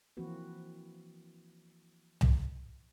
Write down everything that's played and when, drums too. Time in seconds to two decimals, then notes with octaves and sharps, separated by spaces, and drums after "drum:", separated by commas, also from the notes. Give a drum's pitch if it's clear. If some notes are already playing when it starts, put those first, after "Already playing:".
0.17 E3 F3 A#3 C4 F#4 B4
2.21 drum: tom C2